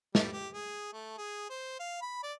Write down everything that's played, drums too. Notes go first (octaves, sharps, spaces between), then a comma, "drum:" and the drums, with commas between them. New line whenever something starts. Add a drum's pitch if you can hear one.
G3, drum: snare
G4
G#4
A3
G#4
C5
F5
B5
D5